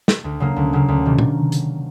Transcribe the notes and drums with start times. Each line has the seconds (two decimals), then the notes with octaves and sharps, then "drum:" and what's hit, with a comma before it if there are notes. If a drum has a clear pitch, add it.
0.08 drum: snare
0.24 D2
0.40 C#3 F#3 A#3
0.56 D2
0.73 C#3 F#3 A#3
0.88 D2
1.05 C3 D#3
1.18 drum: tom A#2
1.52 drum: hi-hat